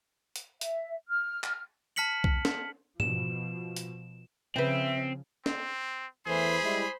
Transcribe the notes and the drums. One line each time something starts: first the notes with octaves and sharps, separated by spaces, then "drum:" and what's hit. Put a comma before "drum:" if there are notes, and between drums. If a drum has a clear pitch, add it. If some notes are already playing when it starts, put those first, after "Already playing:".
drum: hi-hat
E5, drum: hi-hat
F6
drum: clap
A5 F6 B6 C#7 F#7
drum: kick B1
drum: snare
B2 F3 E7, drum: tom
drum: hi-hat
C#3 F3 C4 B4 E5 G5
C4, drum: snare
E2 E3 A3 G#4 C5 B5
G3 G#3 E4